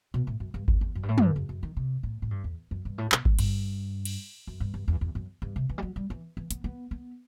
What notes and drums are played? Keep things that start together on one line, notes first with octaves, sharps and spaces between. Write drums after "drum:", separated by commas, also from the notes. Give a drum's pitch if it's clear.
B2
A2
F#2
G2
E2, drum: kick G#1
E2
F#2
G2
A2
F#2, drum: tom
G2
F#2
F#2
D#3
C3
A2
A2
G2
E2
F#2
G2
A2
B2, drum: clap
G2, drum: kick G#1
G2, drum: cymbal
drum: cymbal
F#2
G2
G2
E2
E2
F#2
G2
C3
E3
G3
F#3
G3
E3
E3
B3, drum: hi-hat
B3
B3